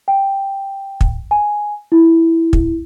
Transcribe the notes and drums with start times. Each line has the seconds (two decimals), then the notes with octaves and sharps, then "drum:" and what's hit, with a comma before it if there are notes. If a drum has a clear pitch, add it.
0.08 G5
1.01 drum: kick
1.31 G#5
1.92 E4
2.53 drum: kick